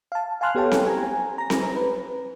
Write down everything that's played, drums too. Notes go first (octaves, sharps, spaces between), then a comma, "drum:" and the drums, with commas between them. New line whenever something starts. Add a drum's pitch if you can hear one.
F5 A5
F5 G#5 A5 C6 F6 F#6
B3 G4 A4 C#5 G5 A5
drum: snare C4
G#5 A#5
A#5 A#6
drum: snare C4
B4